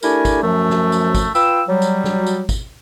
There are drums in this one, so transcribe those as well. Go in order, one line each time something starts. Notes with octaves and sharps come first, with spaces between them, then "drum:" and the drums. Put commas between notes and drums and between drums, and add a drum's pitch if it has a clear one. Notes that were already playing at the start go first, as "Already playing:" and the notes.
A3 D4 E4 G4 A#4 G#5, drum: tambourine
drum: kick, tambourine
F#2 F3 A3
drum: snare
drum: tambourine
drum: kick, tambourine
F4 B4 G5 E6, drum: tambourine
F#3 G3
drum: tambourine
drum: snare
drum: tambourine
drum: kick, tambourine